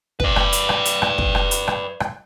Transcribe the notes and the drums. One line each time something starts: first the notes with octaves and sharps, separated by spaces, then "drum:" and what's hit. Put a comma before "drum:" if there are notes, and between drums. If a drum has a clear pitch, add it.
B4 D5, drum: kick
drum: rim click
drum: hi-hat
drum: rim click
drum: hi-hat
drum: rim click
drum: kick
drum: rim click
drum: hi-hat
drum: rim click
drum: rim click